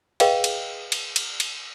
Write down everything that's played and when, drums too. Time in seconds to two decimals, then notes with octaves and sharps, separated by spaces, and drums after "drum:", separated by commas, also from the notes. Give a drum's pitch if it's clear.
0.20 G#4 B4 D#5 F5 G5, drum: cymbal
0.44 drum: cymbal
0.92 drum: cymbal
1.16 drum: cymbal
1.40 drum: cymbal